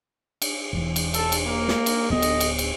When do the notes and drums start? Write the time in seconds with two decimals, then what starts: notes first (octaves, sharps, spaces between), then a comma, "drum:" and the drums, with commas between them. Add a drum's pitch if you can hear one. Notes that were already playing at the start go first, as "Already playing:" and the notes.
0.42 drum: cymbal
0.73 E1 E2
0.96 drum: cymbal
1.14 A4, drum: cymbal
1.32 drum: cymbal
1.45 A#3
1.68 drum: snare
1.86 drum: cymbal
2.10 D1 B3 G4 A4 D#5
2.22 drum: cymbal
2.40 drum: cymbal
2.59 drum: cymbal